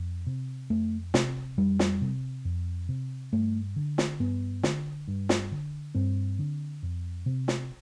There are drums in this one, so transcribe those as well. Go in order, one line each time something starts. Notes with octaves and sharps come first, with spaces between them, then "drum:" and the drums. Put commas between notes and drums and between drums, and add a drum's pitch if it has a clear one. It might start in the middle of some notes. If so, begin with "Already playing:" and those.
Already playing: F2
C3
F2 A3
C3, drum: snare
F2 G3
drum: snare
C3
F2
C3
G2 A3
D3
drum: snare
G2 B3
D3, drum: snare
G2
drum: snare
D3
G2 C4
D3
F2
C3
drum: snare